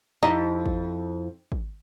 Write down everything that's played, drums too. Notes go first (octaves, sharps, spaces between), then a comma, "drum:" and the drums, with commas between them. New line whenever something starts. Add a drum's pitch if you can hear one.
F2 D#4 E4 G4
drum: kick
drum: kick